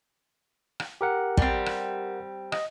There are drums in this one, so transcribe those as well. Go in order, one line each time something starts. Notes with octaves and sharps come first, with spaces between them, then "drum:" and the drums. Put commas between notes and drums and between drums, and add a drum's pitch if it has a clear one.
drum: rim click
G4 A#4 F#5
G3 C4, drum: kick
drum: rim click
D#5, drum: rim click